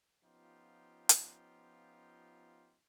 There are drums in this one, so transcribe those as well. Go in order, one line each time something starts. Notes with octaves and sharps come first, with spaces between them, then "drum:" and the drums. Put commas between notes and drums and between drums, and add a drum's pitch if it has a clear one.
F3 B3 C#4 D#4 F4 G4
drum: hi-hat